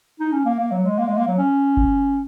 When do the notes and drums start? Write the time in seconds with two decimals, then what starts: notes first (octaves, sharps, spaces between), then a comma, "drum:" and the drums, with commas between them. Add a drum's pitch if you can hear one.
0.20 D#4
0.32 C#4
0.45 A#3
0.59 A#3
0.71 F#3
0.85 G#3
0.98 A#3
1.09 G#3
1.17 A#3
1.27 F#3
1.38 C#4
1.77 drum: kick F#1